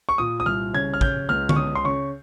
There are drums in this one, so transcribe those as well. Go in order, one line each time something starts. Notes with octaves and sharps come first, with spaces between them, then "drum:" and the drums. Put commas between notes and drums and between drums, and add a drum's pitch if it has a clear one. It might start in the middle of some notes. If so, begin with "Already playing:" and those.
C#6
A#2 D#6
D#6
C2 F6
C#3 G#6
F6
C#3 G6, drum: kick
C#2 F6
C#6, drum: tom D3
C#3 D#6
C6
C#3 C#6